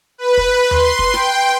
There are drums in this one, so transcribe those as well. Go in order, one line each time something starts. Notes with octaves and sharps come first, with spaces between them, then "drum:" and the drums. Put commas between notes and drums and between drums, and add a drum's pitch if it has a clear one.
B4
drum: kick
C6, drum: tom D#2
drum: kick
G5, drum: snare